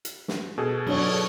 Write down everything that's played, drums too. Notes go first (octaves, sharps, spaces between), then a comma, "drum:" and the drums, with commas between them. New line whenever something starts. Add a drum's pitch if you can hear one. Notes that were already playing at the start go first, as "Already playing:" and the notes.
drum: hi-hat
drum: snare
B2 G#4 A4
F#3 D4 C#5, drum: cymbal